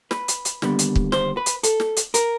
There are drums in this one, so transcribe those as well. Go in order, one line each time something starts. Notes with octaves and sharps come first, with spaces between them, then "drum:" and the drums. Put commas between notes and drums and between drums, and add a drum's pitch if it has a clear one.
B4, drum: snare
drum: hi-hat
drum: hi-hat
D#2 D3 G3 B3, drum: snare
drum: hi-hat
drum: kick
C5, drum: snare
B4
drum: hi-hat
A4, drum: hi-hat
drum: snare
drum: hi-hat
A#4, drum: hi-hat